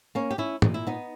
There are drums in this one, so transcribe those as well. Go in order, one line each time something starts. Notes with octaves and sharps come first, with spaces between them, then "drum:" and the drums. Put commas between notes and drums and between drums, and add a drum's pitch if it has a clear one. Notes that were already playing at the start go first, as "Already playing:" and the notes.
A#3 C#4
G4
C#4 E4
A#2 D#4, drum: tom
E4
B3 D#4